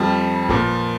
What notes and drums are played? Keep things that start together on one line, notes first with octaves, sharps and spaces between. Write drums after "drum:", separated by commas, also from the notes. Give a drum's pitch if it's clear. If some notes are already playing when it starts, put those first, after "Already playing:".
Already playing: F2 F3 G3
A#2 F3, drum: kick A1